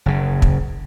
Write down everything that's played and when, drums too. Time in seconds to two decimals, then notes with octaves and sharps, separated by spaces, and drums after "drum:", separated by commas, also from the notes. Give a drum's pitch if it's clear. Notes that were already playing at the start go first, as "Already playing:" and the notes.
0.06 F#1 C#3
0.42 drum: kick